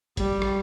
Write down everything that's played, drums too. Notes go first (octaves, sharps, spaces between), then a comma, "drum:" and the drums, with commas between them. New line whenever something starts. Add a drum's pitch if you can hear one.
G3, drum: kick G#1, hi-hat
drum: rim click